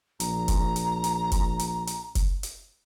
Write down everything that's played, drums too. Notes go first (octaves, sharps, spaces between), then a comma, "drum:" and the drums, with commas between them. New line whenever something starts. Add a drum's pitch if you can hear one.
A#1 A#5, drum: hi-hat
drum: kick F1, hi-hat
drum: hi-hat
drum: hi-hat
drum: kick F1, hi-hat
drum: hi-hat
drum: hi-hat
drum: kick F1, hi-hat
drum: hi-hat